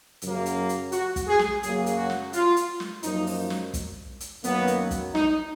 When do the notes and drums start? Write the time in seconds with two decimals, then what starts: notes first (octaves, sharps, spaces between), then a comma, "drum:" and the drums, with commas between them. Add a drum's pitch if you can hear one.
0.22 F#2 C#3 F#3 A#3, drum: hi-hat
0.46 drum: hi-hat
0.69 drum: hi-hat
0.92 F#4, drum: hi-hat
1.16 drum: kick, hi-hat
1.28 G#4
1.39 drum: snare
1.63 F#2 C#3 F#3 A#3 G#4, drum: hi-hat
1.86 drum: hi-hat
1.97 F#4
2.10 drum: snare
2.33 F4, drum: hi-hat
2.56 drum: hi-hat
2.80 drum: snare
3.03 F#2 F3 A#3 D#4, drum: hi-hat
3.27 drum: open hi-hat
3.50 drum: snare
3.74 drum: kick, hi-hat
4.20 drum: hi-hat
4.44 F#2 D#3 F#3 A#3 B3, drum: hi-hat
4.67 drum: hi-hat
4.91 drum: kick, hi-hat
5.15 D#4, drum: snare